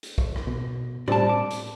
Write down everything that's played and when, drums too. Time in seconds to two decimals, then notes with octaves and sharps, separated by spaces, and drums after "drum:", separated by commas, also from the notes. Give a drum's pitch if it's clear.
0.03 drum: hi-hat
0.18 drum: kick
0.36 drum: rim click
0.47 B2
1.08 G3 C4 D5 A5, drum: tom A2
1.30 D6
1.51 drum: hi-hat